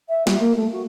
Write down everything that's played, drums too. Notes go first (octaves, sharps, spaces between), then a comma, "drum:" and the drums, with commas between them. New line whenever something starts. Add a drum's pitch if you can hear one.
E5
G3, drum: snare
A#3
A3
F#4